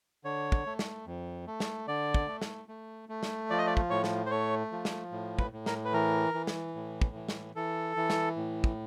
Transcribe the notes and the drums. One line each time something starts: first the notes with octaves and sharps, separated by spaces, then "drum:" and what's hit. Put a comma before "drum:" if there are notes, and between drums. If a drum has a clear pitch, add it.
D3 C#5
drum: kick
A3
drum: snare
F2
A3
drum: snare
D3 D5
drum: kick
A3
drum: snare
A3
A3
drum: snare
F3 D5
D#5
D5
drum: kick
A2 C#5
drum: snare
C5
A3 C#5
F3
drum: snare
A2
B4, drum: kick
A2
A#4, drum: snare
B4
E3 A#4
E3
drum: snare
A2
drum: kick
E3
drum: snare
E3 A4
E3
drum: snare
A2
drum: kick